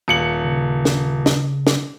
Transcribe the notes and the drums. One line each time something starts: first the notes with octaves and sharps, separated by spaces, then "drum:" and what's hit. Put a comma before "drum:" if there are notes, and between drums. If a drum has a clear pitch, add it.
D#1 C#7 F#7
C#3
drum: snare
drum: snare
drum: snare